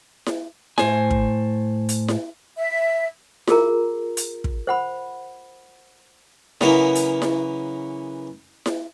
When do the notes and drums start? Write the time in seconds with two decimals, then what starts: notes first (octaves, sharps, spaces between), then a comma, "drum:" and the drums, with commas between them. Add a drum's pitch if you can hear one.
0.26 drum: snare E4
0.78 A2 C5 G#5, drum: snare E4
1.11 drum: kick
1.89 drum: hi-hat
2.08 drum: snare E4
2.58 E5
3.47 F4 G#4 A#4 A#5, drum: snare E4
4.17 drum: hi-hat
4.44 drum: kick
4.67 C5 F#5 B5
6.61 C#3 E3 F#3 A#3 B3, drum: snare E4
6.95 drum: hi-hat
7.22 drum: snare E4
8.66 drum: snare E4